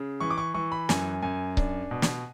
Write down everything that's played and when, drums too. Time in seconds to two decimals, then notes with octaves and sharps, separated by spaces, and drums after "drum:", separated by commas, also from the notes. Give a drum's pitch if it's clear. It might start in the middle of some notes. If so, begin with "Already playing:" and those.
Already playing: C#3
0.20 E3 C#6
0.31 D6
0.38 C#6
0.54 E3 C#6
0.72 B5
0.89 F#2 G#5, drum: snare
1.22 F#2 G#5
1.57 D4, drum: kick C#1
1.91 B2
2.02 drum: snare